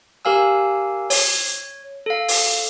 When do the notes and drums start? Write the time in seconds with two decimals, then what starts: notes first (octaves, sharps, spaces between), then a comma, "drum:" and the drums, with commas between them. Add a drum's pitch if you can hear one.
0.25 G4 A#4 F5 G#5 E6
1.10 C#5, drum: open hi-hat
2.06 A4 F5
2.28 drum: open hi-hat